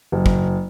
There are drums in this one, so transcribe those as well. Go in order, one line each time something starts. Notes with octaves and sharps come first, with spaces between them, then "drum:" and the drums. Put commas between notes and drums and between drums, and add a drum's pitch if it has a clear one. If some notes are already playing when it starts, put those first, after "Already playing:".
F#1
drum: kick